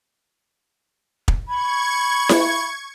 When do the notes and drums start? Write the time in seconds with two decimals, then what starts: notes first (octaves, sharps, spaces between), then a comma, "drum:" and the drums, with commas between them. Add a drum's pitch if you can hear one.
1.28 drum: kick
1.48 B5 C#6 G#6
2.29 drum: snare E4